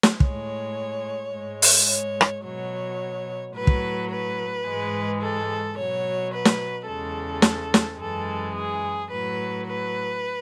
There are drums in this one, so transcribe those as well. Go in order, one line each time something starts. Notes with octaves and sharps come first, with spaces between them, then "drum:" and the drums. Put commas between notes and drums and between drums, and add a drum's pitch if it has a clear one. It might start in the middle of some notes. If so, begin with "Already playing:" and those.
drum: snare
A2 G#3 C#5, drum: kick
G#2 G#3
drum: open hi-hat
C#5
drum: rim click
B2 F#3 C#5
A2 F#3 B4
drum: kick
B4
G#2 E3 G#3
A4
B2 F#3 C#5
B4
drum: snare
E2 C#3 G#3 A4
drum: snare
drum: snare
F#2 E3 G#3 A4
G#4
A2 F#3 B4
B4